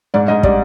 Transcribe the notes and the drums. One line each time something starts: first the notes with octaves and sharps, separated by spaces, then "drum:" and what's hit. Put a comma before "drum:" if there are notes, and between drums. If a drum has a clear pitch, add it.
G#2 D5
G#2 D#5
G3 D5, drum: kick